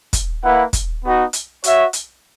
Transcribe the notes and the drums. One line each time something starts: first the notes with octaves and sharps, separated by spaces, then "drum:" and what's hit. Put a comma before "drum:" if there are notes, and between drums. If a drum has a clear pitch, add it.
drum: kick, hi-hat
A#3 E4 B4 F#5
drum: kick, hi-hat
B3 D#4 F#4
drum: hi-hat
F#4 C#5 E5, drum: hi-hat
drum: hi-hat